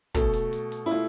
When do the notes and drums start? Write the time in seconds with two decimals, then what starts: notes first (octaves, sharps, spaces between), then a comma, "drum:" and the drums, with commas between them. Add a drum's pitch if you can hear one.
0.14 B2 A3 A4, drum: kick, hi-hat
0.34 drum: hi-hat
0.53 drum: hi-hat
0.72 drum: hi-hat
0.86 E4
0.91 A3 F4